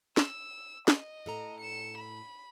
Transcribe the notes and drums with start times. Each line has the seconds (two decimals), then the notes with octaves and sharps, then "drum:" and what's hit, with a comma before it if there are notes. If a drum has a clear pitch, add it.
0.17 E6, drum: snare
0.88 D#5, drum: snare
1.26 A2 A4 A#5
1.61 C#7 E7
1.98 B5